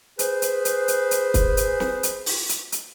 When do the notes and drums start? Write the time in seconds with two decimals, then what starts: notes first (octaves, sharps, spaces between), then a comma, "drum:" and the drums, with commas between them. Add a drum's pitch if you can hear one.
0.19 G#4 B4 C5, drum: hi-hat
0.42 drum: hi-hat
0.65 drum: hi-hat
0.88 drum: hi-hat
1.11 drum: hi-hat
1.34 drum: kick, hi-hat
1.57 drum: hi-hat
1.80 drum: snare
2.03 drum: hi-hat
2.26 drum: open hi-hat
2.49 drum: hi-hat
2.72 drum: hi-hat